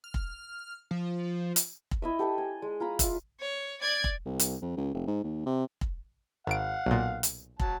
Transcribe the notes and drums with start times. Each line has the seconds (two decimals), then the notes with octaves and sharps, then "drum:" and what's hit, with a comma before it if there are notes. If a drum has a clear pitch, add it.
0.04 F6
0.14 drum: kick
0.91 F3
1.56 drum: hi-hat
1.91 drum: kick
2.02 E4 D#5 E5
2.19 G4 A4 D#5 G5
2.38 G#5
2.62 G#3
2.80 F4 A#5 B5
2.99 F4 D5 E5, drum: kick, hi-hat
3.41 C#5
3.82 D5 G#6
4.04 drum: kick
4.26 C2
4.39 drum: hi-hat
4.62 F2
4.77 C#2
4.94 F1
5.07 G#2
5.24 D#2
5.46 C3
5.81 drum: kick
6.47 G#1 F5 F#5 D7
6.86 B1 A#2
7.23 drum: hi-hat
7.60 F#3 A5, drum: kick